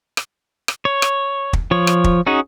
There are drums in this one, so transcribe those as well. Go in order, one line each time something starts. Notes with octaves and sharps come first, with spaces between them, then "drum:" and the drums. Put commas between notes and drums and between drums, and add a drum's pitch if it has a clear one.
drum: rim click
drum: rim click
C#5
drum: rim click
drum: kick
F3 C#5
drum: rim click
drum: kick
C#4 D#4 F#4 G#4